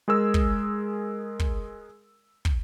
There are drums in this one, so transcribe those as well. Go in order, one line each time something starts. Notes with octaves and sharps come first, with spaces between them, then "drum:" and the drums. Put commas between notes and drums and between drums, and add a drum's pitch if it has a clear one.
G#3 G#4 A#4 E6
drum: kick
drum: kick
drum: kick